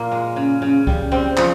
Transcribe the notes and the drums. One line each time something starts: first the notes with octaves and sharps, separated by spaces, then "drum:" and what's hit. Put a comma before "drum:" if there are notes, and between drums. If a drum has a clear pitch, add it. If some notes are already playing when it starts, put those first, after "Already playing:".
Already playing: A#2 A#3
G#3
C#3
C#3
G3, drum: kick C2
G3 C4
F3, drum: clap